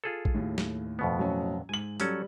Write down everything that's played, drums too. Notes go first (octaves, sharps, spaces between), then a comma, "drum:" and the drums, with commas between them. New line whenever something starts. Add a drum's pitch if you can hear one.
F4 G#4 A4
drum: kick
D#2 A2
drum: snare
F2 B2 B3
A2 F#3 C#4
G#2 G#5 F#7
F#3 G3 C#4 A4, drum: hi-hat